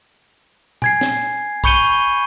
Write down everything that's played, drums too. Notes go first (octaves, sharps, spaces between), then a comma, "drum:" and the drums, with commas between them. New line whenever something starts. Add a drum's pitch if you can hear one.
G#5 G#6 C7, drum: tom A#2
drum: snare
B5 C#6 G6 C#7 D#7 G7, drum: kick